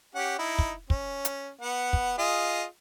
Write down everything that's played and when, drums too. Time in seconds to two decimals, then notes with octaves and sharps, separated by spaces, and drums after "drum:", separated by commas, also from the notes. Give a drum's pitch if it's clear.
0.15 C#4 G4 F#5
0.38 D#4 E4
0.59 drum: kick
0.90 C#4, drum: kick
1.25 drum: hi-hat
1.61 B3 F#5
1.93 drum: kick
2.18 F4 G#4 D#5